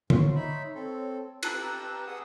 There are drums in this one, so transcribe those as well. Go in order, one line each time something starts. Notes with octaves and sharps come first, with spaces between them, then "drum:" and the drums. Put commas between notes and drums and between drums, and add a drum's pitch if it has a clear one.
G#2 C#5 C6, drum: tom
D#4 E5 B5
C4 A4
G4 B4 A5 A#5 E6 F#6, drum: cymbal
G#4 F#5 D#6